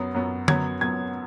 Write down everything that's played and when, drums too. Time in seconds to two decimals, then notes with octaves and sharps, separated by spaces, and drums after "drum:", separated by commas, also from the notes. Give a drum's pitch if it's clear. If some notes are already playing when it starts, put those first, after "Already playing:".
Already playing: F#2 F#3 B3
0.14 F#2 F#3 B3
0.48 F#2 F#3 B3 G#6, drum: tom
0.81 F#2 F#3 B3 G#6